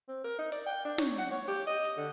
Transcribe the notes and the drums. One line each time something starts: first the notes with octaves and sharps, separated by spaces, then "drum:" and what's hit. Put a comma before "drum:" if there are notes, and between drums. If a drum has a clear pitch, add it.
C4
A#4
D#4
D5, drum: open hi-hat
G5
D4
C#5, drum: snare
F#5, drum: hi-hat
C#5
G4
D#5
drum: hi-hat
D3